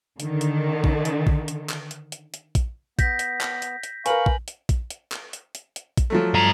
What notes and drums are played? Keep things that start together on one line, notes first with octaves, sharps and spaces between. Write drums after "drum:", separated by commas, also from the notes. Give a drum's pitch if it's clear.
D3 D#3, drum: hi-hat
drum: hi-hat
drum: kick A#1
drum: hi-hat
drum: kick A#1
drum: hi-hat
drum: clap
drum: hi-hat
drum: hi-hat
drum: hi-hat
drum: kick A#1, hi-hat
B3 G6 A#6 B6, drum: kick A#1, hi-hat
drum: hi-hat
drum: clap
drum: hi-hat
drum: hi-hat
A#4 B4 F5 G#5 C#6 F#7, drum: hi-hat
drum: kick A#1
drum: hi-hat
drum: kick A#1, hi-hat
drum: hi-hat
drum: clap
drum: hi-hat
drum: hi-hat
drum: hi-hat
drum: kick A#1, hi-hat
F3 F#3 A3
G2 A#5